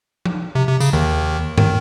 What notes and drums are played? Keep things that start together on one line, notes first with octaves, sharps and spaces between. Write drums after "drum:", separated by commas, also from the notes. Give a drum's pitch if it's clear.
drum: tom F3
C3
C3
C#3, drum: tambourine
D#2 D#3
D#3, drum: tom